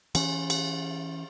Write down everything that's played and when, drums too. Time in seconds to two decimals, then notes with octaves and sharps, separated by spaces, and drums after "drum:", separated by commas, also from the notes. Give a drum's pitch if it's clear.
0.15 E3 C#4, drum: cymbal
0.50 drum: cymbal